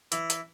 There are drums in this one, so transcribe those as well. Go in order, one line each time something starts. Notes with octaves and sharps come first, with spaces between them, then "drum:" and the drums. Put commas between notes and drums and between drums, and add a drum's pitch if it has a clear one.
E3, drum: hi-hat
drum: hi-hat